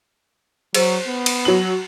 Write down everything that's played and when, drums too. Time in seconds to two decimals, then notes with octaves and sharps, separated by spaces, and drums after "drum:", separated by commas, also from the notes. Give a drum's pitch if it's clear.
0.75 F#3 G#4 C5, drum: cymbal
1.07 B3
1.26 drum: cymbal
1.45 F#3 F#7